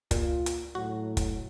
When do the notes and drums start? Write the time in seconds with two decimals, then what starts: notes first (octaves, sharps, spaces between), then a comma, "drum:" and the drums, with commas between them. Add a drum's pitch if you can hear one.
0.11 C#2 A#2 F4, drum: kick, hi-hat
0.46 drum: hi-hat
0.75 A2 F#3 F#4
1.17 drum: kick, hi-hat